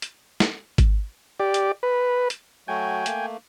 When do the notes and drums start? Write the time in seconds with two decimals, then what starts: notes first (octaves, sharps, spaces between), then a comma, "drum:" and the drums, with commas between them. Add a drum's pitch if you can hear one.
0.02 drum: hi-hat
0.40 drum: snare
0.78 drum: kick G#1, hi-hat
1.40 G4 D5
1.54 drum: hi-hat
1.83 B4
2.30 drum: hi-hat
2.68 F#3 A3 F#4 G5 G#5
3.06 A3 A#3, drum: hi-hat